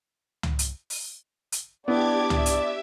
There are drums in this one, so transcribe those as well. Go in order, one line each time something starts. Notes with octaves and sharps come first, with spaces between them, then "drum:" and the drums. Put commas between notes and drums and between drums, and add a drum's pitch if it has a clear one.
drum: tom
drum: hi-hat
drum: open hi-hat
drum: hi-hat
B3 D4 E4 G4 D5 D6 G#6
E5, drum: tom
drum: hi-hat